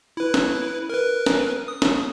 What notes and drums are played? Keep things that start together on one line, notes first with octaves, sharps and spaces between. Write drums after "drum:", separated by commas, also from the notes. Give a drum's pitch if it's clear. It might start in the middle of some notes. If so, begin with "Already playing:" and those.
E4 B4
drum: snare
A#4 B4
drum: snare
D#6
drum: snare